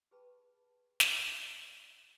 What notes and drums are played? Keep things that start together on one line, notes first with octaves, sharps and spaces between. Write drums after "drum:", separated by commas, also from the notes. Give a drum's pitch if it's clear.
G4 G#4 B4 G5 A5 B5
drum: snare
D4 D5 C6